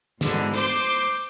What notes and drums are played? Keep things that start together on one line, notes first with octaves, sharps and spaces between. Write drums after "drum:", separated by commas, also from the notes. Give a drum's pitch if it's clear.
G#2 B2 D3 E3, drum: snare
C5 C6 D6 G6, drum: open hi-hat